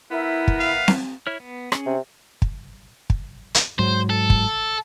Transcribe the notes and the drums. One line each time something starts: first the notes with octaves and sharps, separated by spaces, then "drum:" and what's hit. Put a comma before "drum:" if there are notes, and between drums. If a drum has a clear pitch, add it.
B3 E4 A#4 E5
drum: kick
F5
drum: snare C4
E4 C#5 F6
B3
C#4 G#4, drum: rim click
C3
drum: kick
drum: kick
drum: hi-hat
G#2 F#3 C5
A4
drum: kick